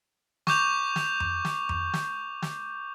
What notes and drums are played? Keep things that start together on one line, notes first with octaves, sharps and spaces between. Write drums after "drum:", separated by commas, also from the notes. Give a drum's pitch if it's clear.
C#6 D6 G6 F7, drum: snare
drum: snare
drum: tom F2
drum: snare
drum: tom F2
drum: snare
drum: snare